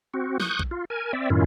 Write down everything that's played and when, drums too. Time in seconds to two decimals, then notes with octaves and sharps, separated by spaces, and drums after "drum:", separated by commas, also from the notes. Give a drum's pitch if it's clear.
0.14 C4 F#4
0.40 C#6 D#6 F#6 G6, drum: snare
0.59 drum: kick A#1
0.71 F4
0.90 A#4 G#5
1.13 C4 D5 E5
1.30 F#2 A2 D#3 C#4 E4 F4